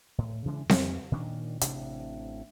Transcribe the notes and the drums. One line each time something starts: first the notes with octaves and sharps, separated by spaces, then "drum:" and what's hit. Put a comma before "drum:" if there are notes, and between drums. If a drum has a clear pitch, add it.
A2
C#3 E3 G#3 D4
F2, drum: snare C4
A#2 D#3 C#4 D4
A1 C3 D4, drum: hi-hat